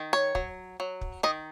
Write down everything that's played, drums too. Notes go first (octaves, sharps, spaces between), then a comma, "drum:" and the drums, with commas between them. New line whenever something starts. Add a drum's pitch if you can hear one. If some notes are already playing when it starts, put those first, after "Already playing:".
Already playing: D#3
C#5
F#3, drum: kick
F#3
drum: kick
D#3 D#5